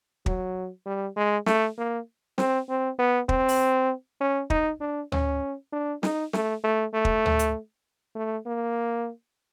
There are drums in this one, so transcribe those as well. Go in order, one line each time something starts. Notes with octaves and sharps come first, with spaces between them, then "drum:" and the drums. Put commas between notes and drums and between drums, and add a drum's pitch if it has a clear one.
F#3, drum: kick
G3
G#3
A3, drum: snare
A#3
C4, drum: snare
C4
B3
C4, drum: kick
drum: open hi-hat
C#4
D#4, drum: kick
D4
C#4, drum: tom D2
D4
D#4, drum: snare
A3, drum: snare
A3
A3
drum: kick
drum: tom D2
drum: hi-hat
A3
A#3